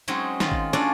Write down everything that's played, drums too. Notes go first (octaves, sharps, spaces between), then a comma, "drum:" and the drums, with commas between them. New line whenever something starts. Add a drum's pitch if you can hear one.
F#3 G#3 C4 C#4 D#4
D#3 F4, drum: snare
drum: kick G#1
C#4 D4 F4 F#4 A4 D5